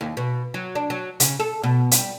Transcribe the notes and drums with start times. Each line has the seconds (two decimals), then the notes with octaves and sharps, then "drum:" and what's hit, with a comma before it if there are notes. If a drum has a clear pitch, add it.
0.01 D#2
0.17 B2
0.54 F#3
0.75 D4
0.90 F#3
1.20 C#3, drum: hi-hat
1.40 A4
1.64 B2
1.91 G3, drum: hi-hat